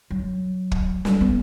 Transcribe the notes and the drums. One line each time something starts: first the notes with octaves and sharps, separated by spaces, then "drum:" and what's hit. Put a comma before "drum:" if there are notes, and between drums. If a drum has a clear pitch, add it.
F#3
drum: kick
G3, drum: snare
B3